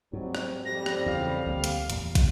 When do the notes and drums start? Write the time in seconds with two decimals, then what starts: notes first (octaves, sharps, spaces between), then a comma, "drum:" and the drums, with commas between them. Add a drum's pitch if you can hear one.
0.13 G#2 F#3 G3 C4
0.35 drum: rim click
0.65 F2 G3 A#6
0.86 drum: rim click
1.06 E2 C#3 F5
1.46 D2 D3 A#3
1.64 drum: hi-hat
1.90 E2 A#2, drum: hi-hat
2.15 drum: kick, hi-hat